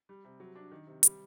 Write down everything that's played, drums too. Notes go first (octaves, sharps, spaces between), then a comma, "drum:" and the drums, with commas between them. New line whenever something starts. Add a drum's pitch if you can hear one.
G3
C3
F#3
D4
D#3
C3
G3, drum: hi-hat